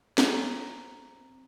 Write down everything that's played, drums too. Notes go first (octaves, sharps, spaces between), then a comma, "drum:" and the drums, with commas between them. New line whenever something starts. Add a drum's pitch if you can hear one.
C4 A#5, drum: snare